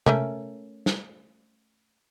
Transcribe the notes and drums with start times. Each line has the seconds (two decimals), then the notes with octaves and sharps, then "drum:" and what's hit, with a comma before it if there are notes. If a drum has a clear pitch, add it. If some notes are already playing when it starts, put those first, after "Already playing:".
0.06 A3 C#4 A#4, drum: tom C3
0.86 drum: snare